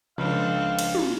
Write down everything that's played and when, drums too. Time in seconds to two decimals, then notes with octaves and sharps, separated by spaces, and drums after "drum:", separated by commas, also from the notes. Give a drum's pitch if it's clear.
0.18 C#2 F3 C4 D4 A4 F5
0.79 drum: cymbal
0.95 drum: tom